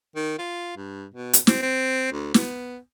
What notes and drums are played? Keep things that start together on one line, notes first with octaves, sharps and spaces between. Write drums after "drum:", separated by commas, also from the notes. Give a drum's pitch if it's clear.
D#3
F4
G2
B2
drum: hi-hat
C4, drum: snare
C4
D2
B3, drum: snare